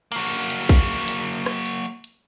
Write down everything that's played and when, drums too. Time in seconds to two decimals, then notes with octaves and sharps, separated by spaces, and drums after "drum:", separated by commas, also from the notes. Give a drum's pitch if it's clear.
0.12 F#3 A#3, drum: hi-hat
0.31 drum: hi-hat
0.50 drum: hi-hat
0.69 drum: kick, hi-hat
1.08 drum: open hi-hat
1.27 drum: hi-hat
1.46 drum: rim click
1.66 drum: hi-hat
1.85 drum: hi-hat
2.04 drum: hi-hat